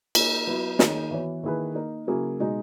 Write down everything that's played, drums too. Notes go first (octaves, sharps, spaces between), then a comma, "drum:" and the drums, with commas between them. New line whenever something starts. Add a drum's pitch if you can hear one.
A#3 D#4 G#4 C#5, drum: cymbal
F#3 B3 E4
D#3 A#3 D#4 G#4 C#5, drum: snare
E3 B3 F#4 C#5
D#3 A#3 E4 G#4 B4
A#3 D#4 A#4
C#3 F#3 A#3 E4 G#4
B2 G#3 D#4